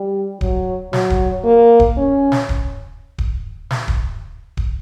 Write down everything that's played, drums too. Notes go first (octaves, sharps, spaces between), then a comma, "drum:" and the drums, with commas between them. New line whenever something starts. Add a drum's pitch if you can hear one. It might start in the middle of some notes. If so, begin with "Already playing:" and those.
Already playing: G3
F#3, drum: kick D1
F#3, drum: snare
drum: kick D1
A#3
drum: kick D1
C#4
drum: snare
drum: kick D1
drum: kick D1
drum: snare
drum: kick D1
drum: kick D1